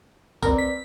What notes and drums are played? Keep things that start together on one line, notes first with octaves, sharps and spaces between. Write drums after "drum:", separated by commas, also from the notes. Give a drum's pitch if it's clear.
C4 A#4 B4 D5, drum: kick C2, tambourine
B6